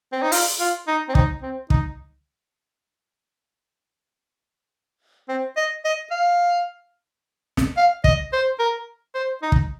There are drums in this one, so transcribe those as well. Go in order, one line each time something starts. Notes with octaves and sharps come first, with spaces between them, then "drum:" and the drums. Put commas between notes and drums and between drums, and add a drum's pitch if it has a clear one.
C4
D#4
F4, drum: open hi-hat
F4
D#4
C4
D#4, drum: kick
C4
D#4, drum: kick
C4
D#5
D#5
F5
drum: snare
F5
D#5, drum: kick
C5
A#4
C5
D#4
drum: kick